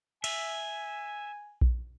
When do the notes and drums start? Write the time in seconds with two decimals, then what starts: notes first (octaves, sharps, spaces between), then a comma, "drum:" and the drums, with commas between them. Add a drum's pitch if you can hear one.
0.24 E5 G#5, drum: cymbal
1.61 drum: kick A#1